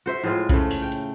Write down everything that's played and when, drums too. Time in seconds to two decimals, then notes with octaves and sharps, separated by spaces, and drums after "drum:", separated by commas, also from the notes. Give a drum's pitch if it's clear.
0.06 F#4 C5 E5
0.24 A2 G#3 F4
0.49 C#3 A3, drum: kick B1, hi-hat
0.71 drum: open hi-hat
0.82 G5
0.92 drum: hi-hat